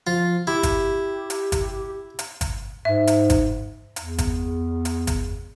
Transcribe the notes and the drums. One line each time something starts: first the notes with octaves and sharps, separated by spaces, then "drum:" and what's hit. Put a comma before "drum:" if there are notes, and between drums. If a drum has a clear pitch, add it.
F3 F4
E4 G4
drum: kick G1, hi-hat
drum: hi-hat
drum: kick G1, hi-hat
drum: hi-hat
drum: kick G1, hi-hat
G#2 E5
drum: hi-hat
drum: kick G1, hi-hat
E2, drum: hi-hat
drum: kick G1, hi-hat
drum: hi-hat
drum: kick G1, hi-hat